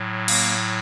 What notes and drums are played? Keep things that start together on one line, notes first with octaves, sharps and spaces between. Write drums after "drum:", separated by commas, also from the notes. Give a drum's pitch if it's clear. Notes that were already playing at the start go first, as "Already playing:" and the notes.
Already playing: A2 F#3
A#3, drum: cymbal